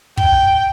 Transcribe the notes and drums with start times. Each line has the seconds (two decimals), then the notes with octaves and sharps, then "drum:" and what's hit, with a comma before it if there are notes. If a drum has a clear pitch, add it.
0.17 G5, drum: kick